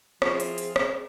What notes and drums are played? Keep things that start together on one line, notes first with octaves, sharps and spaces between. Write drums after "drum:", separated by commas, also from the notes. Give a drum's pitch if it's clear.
F3 C4 E4 F4 G#4 A4 C#5, drum: rim click
drum: hi-hat
drum: hi-hat
drum: rim click